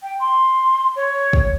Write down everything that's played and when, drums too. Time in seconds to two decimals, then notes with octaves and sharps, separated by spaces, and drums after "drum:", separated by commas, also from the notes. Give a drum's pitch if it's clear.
0.03 G5
0.20 C6
0.96 C#5
1.33 drum: kick